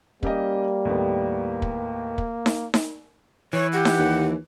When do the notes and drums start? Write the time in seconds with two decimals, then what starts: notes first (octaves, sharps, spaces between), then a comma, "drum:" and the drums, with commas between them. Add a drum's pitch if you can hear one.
0.23 G3 A#3 C#4 G4 D#5, drum: kick
0.85 D#2 A2 B3
1.62 drum: kick
2.18 drum: kick
2.46 drum: snare D#4
2.74 drum: snare D#4
3.53 E3 C#5
3.73 G4 F#5
3.85 drum: snare D#4
3.99 D#2